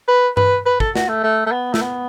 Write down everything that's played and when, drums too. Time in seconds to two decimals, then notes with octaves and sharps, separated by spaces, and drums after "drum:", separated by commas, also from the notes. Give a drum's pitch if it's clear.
0.08 B4
0.37 B4, drum: tom G2
0.66 B4
0.80 A4, drum: kick
0.95 F#4, drum: snare
1.09 A3
1.24 A3
1.47 A3
1.52 B3
1.74 A3, drum: snare
1.82 B3